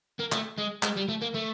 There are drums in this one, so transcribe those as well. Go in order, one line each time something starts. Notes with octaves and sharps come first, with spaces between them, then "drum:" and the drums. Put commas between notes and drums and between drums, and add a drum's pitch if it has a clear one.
A#3
A3, drum: clap
G#3
G#3, drum: clap
G3
A3
A#3
A3